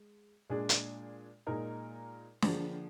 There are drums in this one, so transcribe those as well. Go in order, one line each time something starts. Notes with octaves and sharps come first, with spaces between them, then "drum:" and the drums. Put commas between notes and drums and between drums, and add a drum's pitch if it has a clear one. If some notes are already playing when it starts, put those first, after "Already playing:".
Already playing: G#3
A#2 G#3 D4 G#4
drum: hi-hat
A#2 G#3 D#4 A#4
D3 F3 A#3 D4 G#4, drum: snare